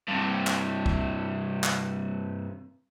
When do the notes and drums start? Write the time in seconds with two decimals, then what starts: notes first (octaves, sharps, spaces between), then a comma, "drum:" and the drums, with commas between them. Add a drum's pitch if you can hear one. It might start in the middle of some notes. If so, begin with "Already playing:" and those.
0.08 G2 C3
0.47 drum: clap
0.86 drum: kick
1.64 drum: clap